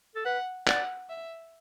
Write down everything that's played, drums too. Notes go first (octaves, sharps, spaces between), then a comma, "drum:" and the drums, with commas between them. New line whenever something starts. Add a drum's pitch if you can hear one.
A4
B4 F#5
D5 F#5, drum: clap
E5